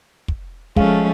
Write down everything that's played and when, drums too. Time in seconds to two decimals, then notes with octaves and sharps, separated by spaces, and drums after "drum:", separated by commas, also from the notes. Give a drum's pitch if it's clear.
0.28 drum: kick
0.76 F3 G#3 A3 C#4 F5, drum: kick